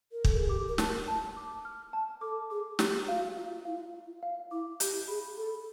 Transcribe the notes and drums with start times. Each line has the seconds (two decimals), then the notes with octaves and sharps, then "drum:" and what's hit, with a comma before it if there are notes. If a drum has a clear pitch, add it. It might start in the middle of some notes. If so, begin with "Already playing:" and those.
0.12 A#4
0.24 A4, drum: kick
0.37 G#4
0.49 G4 D6
0.69 A#4
0.78 A5, drum: snare
1.08 A5
1.37 D6
1.65 F6
1.93 A5
2.21 A4 D6
2.50 G#4 D6
2.79 G4 A#5, drum: snare
3.08 F#4 F5
3.37 F4 F5
3.65 E4 F5
3.75 F4
3.94 F5
4.23 F5
4.51 E4 D6
4.80 G4 G6, drum: hi-hat
5.08 G#4 B5
5.37 A4 B5